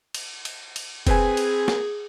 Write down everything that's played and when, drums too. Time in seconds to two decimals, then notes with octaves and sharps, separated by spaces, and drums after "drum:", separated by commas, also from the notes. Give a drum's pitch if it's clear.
0.14 drum: cymbal
0.45 drum: cymbal
0.76 drum: cymbal
1.07 C4 G#4 B4 G#5, drum: kick F1, cymbal
1.37 drum: cymbal
1.68 drum: snare